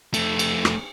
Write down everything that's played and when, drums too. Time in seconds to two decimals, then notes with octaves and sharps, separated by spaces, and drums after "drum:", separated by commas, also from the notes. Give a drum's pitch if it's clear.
0.14 F2 A3, drum: cymbal
0.39 drum: cymbal
0.65 drum: rim click